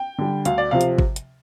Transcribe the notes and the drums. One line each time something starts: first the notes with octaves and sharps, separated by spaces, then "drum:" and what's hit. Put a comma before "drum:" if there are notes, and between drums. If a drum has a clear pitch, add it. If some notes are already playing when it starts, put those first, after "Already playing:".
Already playing: G5
D3 G3
D2 F5, drum: hi-hat
D5
C3 F3 F5
drum: hi-hat
drum: kick G#1
drum: hi-hat